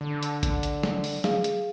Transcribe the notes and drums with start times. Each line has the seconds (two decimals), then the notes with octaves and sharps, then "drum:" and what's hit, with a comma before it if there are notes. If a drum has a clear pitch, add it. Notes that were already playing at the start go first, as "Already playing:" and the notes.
0.01 D3
0.23 drum: hi-hat
0.43 drum: kick A1, hi-hat
0.63 drum: hi-hat
0.83 drum: snare
1.04 drum: open hi-hat
1.24 G#4 F5, drum: snare
1.44 drum: hi-hat